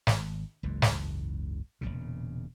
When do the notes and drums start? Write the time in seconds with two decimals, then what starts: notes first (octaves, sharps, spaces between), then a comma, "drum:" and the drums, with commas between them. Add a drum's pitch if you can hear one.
0.07 G#1, drum: snare
0.63 F#1 C#2 G#2 E3
0.82 drum: snare
1.81 E1 C2 A#2 C#3